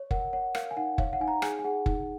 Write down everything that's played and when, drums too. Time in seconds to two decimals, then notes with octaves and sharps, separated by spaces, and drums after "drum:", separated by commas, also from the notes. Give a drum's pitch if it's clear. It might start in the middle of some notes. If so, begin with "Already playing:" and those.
Already playing: C#5
0.11 A#4 F#5, drum: kick F#1
0.33 C#5 F#5
0.55 A#4 F5, drum: rim click
0.71 G#5
0.77 D#4 F#5
0.98 C#5 F5, drum: kick F#1
1.13 F#5
1.21 D#4 G#5
1.28 A#5
1.42 G#4 G#5, drum: rim click
1.59 G#5
1.64 G#4 F#5
1.86 D#4, drum: kick F#1